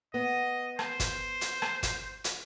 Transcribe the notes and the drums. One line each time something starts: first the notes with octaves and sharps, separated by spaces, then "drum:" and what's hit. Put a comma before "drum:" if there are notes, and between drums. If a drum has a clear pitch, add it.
B3 D#5
C5, drum: rim click
drum: kick, hi-hat
drum: hi-hat
drum: rim click
drum: kick, hi-hat
drum: hi-hat